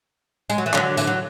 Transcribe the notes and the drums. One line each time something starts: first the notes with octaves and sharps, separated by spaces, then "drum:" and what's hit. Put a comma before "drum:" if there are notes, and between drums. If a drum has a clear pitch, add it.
G#3, drum: tambourine
F#3
E3
D3 F#3, drum: clap
E3, drum: tambourine
F#3